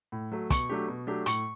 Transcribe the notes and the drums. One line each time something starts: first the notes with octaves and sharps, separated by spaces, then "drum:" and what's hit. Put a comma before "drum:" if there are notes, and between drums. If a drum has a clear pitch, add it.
A2
F#3 A3
B2 C#6, drum: kick, hi-hat
F#3 A3 D4 G4
B2
F#3 A3 D4 G4
A2 C#6, drum: hi-hat